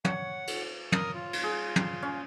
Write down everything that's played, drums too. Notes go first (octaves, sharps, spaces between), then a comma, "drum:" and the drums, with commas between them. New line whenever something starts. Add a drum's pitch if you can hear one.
C#5 F#5, drum: tom
drum: cymbal
A#4 D#6, drum: tom
F4
drum: cymbal
G#4
drum: tom
C#4